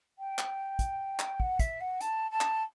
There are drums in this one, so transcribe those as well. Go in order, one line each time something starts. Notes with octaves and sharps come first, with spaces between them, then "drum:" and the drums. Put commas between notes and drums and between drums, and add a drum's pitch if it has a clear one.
G5
drum: clap
drum: kick, hi-hat
drum: clap
F#5, drum: kick
E5, drum: kick, hi-hat
F#5
A5, drum: hi-hat
A5
drum: clap